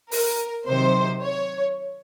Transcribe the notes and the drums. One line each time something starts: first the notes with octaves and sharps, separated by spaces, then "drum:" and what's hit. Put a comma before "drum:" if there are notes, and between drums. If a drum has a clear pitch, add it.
A#4, drum: open hi-hat
C3 D#3 F#3 C5
C#5